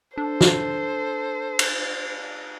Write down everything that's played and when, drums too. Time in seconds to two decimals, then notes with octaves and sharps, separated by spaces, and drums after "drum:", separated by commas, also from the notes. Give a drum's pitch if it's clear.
0.18 D4 A4 C5
0.41 drum: snare
1.59 drum: cymbal